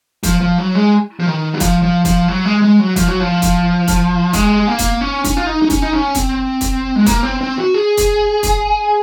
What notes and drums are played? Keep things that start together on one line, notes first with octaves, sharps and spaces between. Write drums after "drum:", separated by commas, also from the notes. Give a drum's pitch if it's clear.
F3, drum: kick, hi-hat
F3
F#3
G#3
F3
D#3
F#3
F3, drum: kick, hi-hat
F3
F3, drum: kick, hi-hat
F#3
G#3
G#3
F#3
F3, drum: kick, hi-hat
F#3
F3
drum: kick, hi-hat
drum: kick, hi-hat
G#3, drum: kick, hi-hat
A#3
drum: kick, hi-hat
C#4
C#4, drum: kick, hi-hat
F4
D#4
D#4
C#4, drum: kick, hi-hat
D#4
C#4
C4, drum: kick, hi-hat
drum: kick, hi-hat
G#3
A#3, drum: kick, hi-hat
C4
C4
F#4
G#4
drum: kick, hi-hat
drum: kick, hi-hat